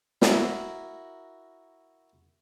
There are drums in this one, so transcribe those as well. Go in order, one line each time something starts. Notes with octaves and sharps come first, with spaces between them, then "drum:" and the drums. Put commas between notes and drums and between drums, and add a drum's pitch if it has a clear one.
E4 F#4 A#4, drum: snare